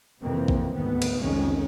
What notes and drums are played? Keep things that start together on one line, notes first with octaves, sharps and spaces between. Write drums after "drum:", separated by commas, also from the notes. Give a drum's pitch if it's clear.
F2 C3 E3 A#3 C4
drum: kick A#1
D2 G#2 D#3 B3
drum: cymbal
C2 F2 D#3 G#3 C#4